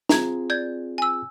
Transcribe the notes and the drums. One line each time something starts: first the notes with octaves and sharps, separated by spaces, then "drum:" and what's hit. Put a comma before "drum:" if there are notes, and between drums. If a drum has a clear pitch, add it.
C4 F4 G#4 A#5 G#6, drum: snare
D5 G6 G#6
G#5 E6